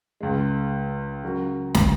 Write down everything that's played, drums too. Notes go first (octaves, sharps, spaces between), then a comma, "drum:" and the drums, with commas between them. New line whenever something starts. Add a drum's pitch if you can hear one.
C#2 C#3 G#3
C#3 F#3 C#4 F#4 A#4
drum: snare